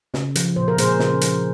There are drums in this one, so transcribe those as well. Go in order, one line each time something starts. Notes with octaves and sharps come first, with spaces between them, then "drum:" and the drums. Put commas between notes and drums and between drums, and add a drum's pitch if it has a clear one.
C#3, drum: snare
F3, drum: hi-hat
A#2 C5
A#4
A#2 G#4 C5, drum: hi-hat
C#3, drum: snare
F3, drum: hi-hat